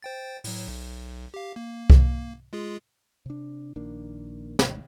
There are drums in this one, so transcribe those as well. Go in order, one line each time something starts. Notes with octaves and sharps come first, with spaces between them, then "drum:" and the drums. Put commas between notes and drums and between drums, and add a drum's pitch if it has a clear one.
C5 G5 A6
A2 F#3, drum: open hi-hat
B1
G4 F5
A#3
drum: kick C2
G#3 F4 G#4
C3 D4
A#1 D#3 A#3 D4
G1 D2 G#2, drum: snare